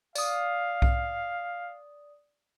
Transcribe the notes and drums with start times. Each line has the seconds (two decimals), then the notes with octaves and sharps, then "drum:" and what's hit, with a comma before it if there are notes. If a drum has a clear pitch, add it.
0.15 D5 F5 D#6, drum: tambourine
0.82 drum: kick B1